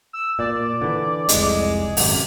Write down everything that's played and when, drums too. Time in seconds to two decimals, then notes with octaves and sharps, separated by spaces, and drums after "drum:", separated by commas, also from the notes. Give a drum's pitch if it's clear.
0.13 E6
0.39 A#2 D5
0.82 D3 E3
1.29 F1 C2 G#3, drum: hi-hat
1.97 G#1 F#2 C3, drum: open hi-hat